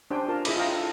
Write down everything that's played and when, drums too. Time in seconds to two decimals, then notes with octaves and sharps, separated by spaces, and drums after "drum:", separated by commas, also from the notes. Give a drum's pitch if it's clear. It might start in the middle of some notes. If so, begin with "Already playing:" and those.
0.11 D4 G4 C5 G5 G#5
0.28 F4 A#4 A5
0.45 D4 E4 G#4 D#5 B5 D6, drum: cymbal
0.57 F4 D#5 F5 G5 A#5
0.73 A4